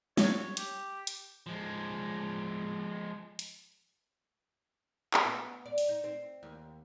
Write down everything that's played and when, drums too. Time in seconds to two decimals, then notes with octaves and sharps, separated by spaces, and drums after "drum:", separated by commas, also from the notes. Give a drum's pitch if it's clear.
0.17 C#5, drum: snare
0.57 G4, drum: hi-hat
1.07 drum: hi-hat
1.47 F3 G#3
3.39 drum: hi-hat
5.14 drum: clap
5.25 B3
5.66 D5
5.78 drum: open hi-hat
5.89 D#4
6.04 C4
6.43 D#2